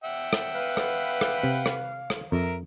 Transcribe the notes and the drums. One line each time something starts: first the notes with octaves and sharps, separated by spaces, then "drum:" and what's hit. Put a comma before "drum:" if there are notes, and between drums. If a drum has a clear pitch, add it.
E5 F#5 G5
drum: rim click
B4 F5
drum: rim click
drum: rim click
C3
drum: rim click
drum: rim click
F2 A#4 E5 A#5